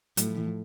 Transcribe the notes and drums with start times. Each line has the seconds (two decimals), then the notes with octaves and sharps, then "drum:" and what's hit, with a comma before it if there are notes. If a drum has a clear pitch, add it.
0.17 A2 F#3, drum: hi-hat
0.27 F3
0.37 E3
0.46 F3